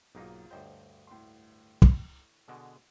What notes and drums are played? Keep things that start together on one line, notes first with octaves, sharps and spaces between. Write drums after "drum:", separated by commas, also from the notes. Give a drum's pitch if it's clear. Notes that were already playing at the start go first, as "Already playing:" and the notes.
B1 G#2 A#3 D#4 F4
D2 G2 C5 C#5 D#5 G5
A2 C6
drum: kick
B2 D3 G#3